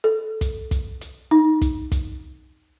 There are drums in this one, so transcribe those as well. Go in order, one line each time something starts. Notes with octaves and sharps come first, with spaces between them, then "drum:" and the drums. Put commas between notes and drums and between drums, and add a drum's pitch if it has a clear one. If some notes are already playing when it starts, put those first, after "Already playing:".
A4
drum: kick, hi-hat
drum: kick, hi-hat
drum: hi-hat
D#4
drum: kick, hi-hat
drum: kick, hi-hat